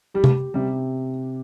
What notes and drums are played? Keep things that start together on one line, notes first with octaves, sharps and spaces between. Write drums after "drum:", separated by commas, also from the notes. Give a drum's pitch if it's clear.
G3 G4
drum: tom C3
C3 G3